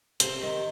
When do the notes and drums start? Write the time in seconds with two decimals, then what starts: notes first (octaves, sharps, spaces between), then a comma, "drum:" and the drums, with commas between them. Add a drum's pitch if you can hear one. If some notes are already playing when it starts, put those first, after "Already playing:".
0.20 C3 C5, drum: hi-hat
0.41 D#3